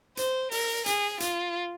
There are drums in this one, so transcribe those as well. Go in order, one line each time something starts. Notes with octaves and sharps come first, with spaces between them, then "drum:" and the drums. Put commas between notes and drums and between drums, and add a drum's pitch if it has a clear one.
C5, drum: hi-hat
A#4, drum: open hi-hat
G#4, drum: hi-hat
F4, drum: hi-hat